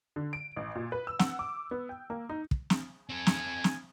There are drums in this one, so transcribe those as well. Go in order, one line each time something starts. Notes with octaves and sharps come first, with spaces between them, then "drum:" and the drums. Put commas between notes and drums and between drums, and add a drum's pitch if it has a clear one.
D3
D7
A1
A#2
B4
E6
F#5, drum: snare
D6
B3
G5
A#3
D#4
drum: kick
drum: snare
C4 A4 G#5
drum: snare
drum: snare